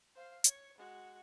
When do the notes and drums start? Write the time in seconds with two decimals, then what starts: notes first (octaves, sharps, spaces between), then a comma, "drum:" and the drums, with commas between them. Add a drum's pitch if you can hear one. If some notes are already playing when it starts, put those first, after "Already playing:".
0.15 C5 F5
0.44 C#5, drum: hi-hat
0.78 G#3 F#4